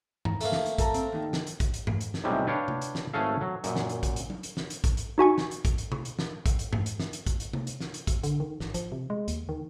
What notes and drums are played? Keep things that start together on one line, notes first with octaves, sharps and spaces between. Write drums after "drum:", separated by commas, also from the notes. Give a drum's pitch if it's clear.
A#5, drum: tom G2
A3 A#3, drum: hi-hat
drum: snare
drum: hi-hat
A4 A5 A#5, drum: kick A1, hi-hat
C4, drum: hi-hat
D#2 D#3
drum: snare
drum: hi-hat
drum: kick A1, hi-hat
drum: hi-hat
drum: tom G2
drum: hi-hat
drum: snare
B1 A2 C3 G3 G#3
D4 B4 C#5 F5 G5
drum: tom C3
drum: hi-hat
drum: snare
G#1 A3 C#4 G#4 A4 F5
F#3
F#2 A#2, drum: hi-hat
drum: snare
drum: hi-hat
drum: kick A1, hi-hat
drum: hi-hat
drum: tom F#3
drum: hi-hat
drum: snare
drum: hi-hat
drum: kick A1, hi-hat
drum: hi-hat
D#4 F#4 G#5 C#6
drum: snare
drum: hi-hat
drum: kick A1, hi-hat
drum: hi-hat
drum: tom B2
drum: hi-hat
drum: snare
drum: kick A1, hi-hat
drum: hi-hat
drum: tom G2
drum: hi-hat
drum: snare
drum: hi-hat
drum: kick A1, hi-hat
drum: hi-hat
drum: tom C3
drum: hi-hat
drum: snare
drum: hi-hat
drum: kick A1, hi-hat
D3, drum: hi-hat
D#3
G#1, drum: snare
F3, drum: hi-hat
C3
G#3
D#2, drum: hi-hat
D#3